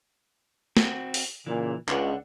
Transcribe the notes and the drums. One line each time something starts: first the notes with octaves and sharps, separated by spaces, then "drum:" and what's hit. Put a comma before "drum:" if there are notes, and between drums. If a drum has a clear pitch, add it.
C4 F#4, drum: snare
drum: open hi-hat
A#2 C#3 E3
C#2 D4 F#5, drum: clap